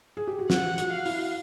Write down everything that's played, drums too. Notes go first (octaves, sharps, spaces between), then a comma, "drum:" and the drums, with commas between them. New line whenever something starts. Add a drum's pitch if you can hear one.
G#4
G4
F#4
F4 F#5, drum: snare
F#4, drum: hi-hat
F5
E4, drum: open hi-hat